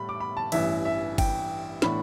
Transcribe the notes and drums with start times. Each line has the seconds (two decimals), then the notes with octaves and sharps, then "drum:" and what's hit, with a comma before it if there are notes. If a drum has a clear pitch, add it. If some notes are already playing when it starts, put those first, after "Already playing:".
Already playing: A2 G3 B5
0.09 D6
0.20 B5
0.37 A5
0.52 A1 G2 E3 E5, drum: cymbal
0.85 E5
1.18 G5, drum: kick G1, cymbal
1.82 A2 E3 B3 D4 B5, drum: snare